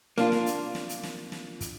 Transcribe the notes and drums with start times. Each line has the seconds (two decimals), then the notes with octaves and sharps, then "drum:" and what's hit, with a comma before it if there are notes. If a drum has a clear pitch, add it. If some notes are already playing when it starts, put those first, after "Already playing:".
0.18 A#3 D4 F4, drum: snare
0.32 drum: snare
0.46 drum: hi-hat
0.75 drum: snare
0.89 drum: hi-hat
1.03 drum: snare
1.32 drum: snare
1.61 drum: kick, hi-hat